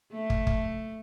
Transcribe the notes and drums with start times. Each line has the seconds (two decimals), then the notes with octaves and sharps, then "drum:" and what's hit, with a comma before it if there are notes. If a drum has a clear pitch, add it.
0.13 A3
0.30 drum: kick
0.47 drum: kick